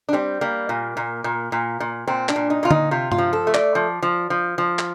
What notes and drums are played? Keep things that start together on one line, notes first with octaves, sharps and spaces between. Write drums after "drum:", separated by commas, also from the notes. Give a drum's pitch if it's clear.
D4
G3 C4
G3 A#3
A#2
A#2
A#2
A#2
A#2
A#2 C4
D4, drum: clap
A#2
D#4
A#2 F4
D#4, drum: tom D3
C3 F4
F4, drum: tom G2
F3
A4
A3
D5, drum: clap
F3
F3
F3
F3
drum: clap